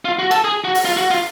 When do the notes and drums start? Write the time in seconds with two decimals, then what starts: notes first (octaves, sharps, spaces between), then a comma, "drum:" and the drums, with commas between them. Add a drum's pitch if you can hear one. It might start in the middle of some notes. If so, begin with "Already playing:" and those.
0.05 F4
0.19 F#4
0.31 A4, drum: cymbal
0.44 G#4
0.64 F#4
0.75 drum: open hi-hat
0.85 F4
0.97 F#4
1.11 F4